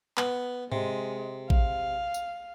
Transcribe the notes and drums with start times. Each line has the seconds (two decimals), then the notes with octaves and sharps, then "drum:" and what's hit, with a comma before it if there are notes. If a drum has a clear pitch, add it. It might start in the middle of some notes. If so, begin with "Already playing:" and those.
0.17 B3, drum: clap
0.72 C3 G#3, drum: tom G#2
1.50 F5, drum: kick A1
2.14 drum: tambourine